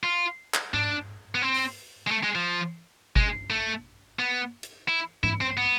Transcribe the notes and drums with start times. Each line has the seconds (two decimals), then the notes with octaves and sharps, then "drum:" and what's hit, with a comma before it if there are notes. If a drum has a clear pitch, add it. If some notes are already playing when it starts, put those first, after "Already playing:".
0.04 F4
0.54 drum: clap
0.74 D4, drum: tom G#2
1.35 B3
1.42 C4
1.54 drum: open hi-hat
2.07 G#3
2.11 A3
2.23 G#3
2.35 F3
3.16 G#3, drum: kick G1
3.50 A3
4.19 B3
4.63 drum: hi-hat
4.89 E4
5.23 E4, drum: tom G#2
5.41 C4
5.57 B3